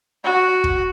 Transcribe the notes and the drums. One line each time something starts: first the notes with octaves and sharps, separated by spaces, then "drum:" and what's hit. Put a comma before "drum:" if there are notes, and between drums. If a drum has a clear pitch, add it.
F#4
drum: kick